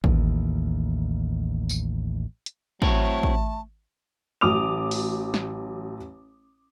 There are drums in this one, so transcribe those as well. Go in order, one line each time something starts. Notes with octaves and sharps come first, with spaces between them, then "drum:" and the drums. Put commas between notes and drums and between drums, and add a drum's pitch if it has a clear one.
A1 D#2, drum: kick
drum: tambourine
drum: hi-hat
F#3 A3 C4 E4 C#5 A5, drum: kick
drum: kick
A1 F#3 A3 D6 D#6 F7
drum: open hi-hat
drum: snare